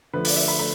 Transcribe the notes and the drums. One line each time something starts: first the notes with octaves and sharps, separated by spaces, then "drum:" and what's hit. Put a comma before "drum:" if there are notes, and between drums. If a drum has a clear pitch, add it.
D3 F3 A3 B4
D5, drum: open hi-hat
E5
B5
A3 B5